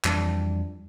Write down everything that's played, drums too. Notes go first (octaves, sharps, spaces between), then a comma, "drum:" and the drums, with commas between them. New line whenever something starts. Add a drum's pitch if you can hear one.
F2 E3 G3 D4, drum: clap